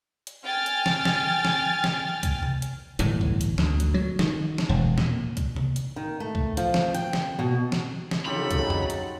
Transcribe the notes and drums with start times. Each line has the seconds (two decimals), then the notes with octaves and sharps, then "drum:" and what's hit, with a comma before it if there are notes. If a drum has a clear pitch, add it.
0.27 drum: hi-hat
0.44 G5 G#5 F6 A6
0.66 drum: hi-hat
0.86 drum: snare
1.05 drum: snare
1.45 drum: snare
1.84 drum: snare
2.23 drum: kick C2, hi-hat
2.43 drum: tom C3
2.62 drum: hi-hat
2.99 G1 A2 E3, drum: hi-hat
3.21 drum: kick C2
3.41 drum: hi-hat
3.58 D2, drum: snare
3.80 drum: hi-hat
3.94 F#3
4.19 D#3, drum: snare
4.58 drum: snare
4.69 E1
4.98 A#2, drum: snare
5.37 drum: kick C2, hi-hat
5.56 drum: tom C3
5.76 drum: hi-hat
5.96 D#3
6.20 A3
6.35 drum: kick C2
6.57 F3, drum: hi-hat
6.74 drum: snare
6.95 G5, drum: hi-hat
7.13 drum: snare
7.39 B2
7.72 drum: snare
8.11 drum: snare
8.26 C2 C#3 F#3 D#4 F4 G4 A4 B5
8.51 drum: kick C2, hi-hat
8.70 drum: tom F2
8.90 drum: hi-hat